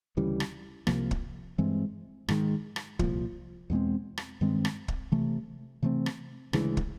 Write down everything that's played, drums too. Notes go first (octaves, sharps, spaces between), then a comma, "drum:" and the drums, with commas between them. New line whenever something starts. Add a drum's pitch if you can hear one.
D2 C#3 E3 G3
drum: rim click
C2 C3 F3 A#3, drum: rim click
drum: kick
G2 E3 G#3 C4
G#2 D#3 G#3, drum: rim click
drum: rim click
C2 A#2 F3, drum: kick
E2 B2 G#3 C4
drum: rim click
G2 D#3 G#3 C4
drum: rim click
drum: kick
C3 E3 A3
C3 E3 A3 C4
drum: rim click
D2 C#3 E3 G#3, drum: rim click
drum: kick